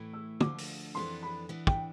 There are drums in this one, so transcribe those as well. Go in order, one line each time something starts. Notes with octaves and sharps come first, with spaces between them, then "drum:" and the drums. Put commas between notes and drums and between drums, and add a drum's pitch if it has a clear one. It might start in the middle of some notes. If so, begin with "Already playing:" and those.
Already playing: A2 E3 A3 E4
E6
D2 D3 F3 A3 D6, drum: tom
drum: open hi-hat
F2 E3 B3 D4 A4 C6
B5
E3 B3 D4
G5, drum: kick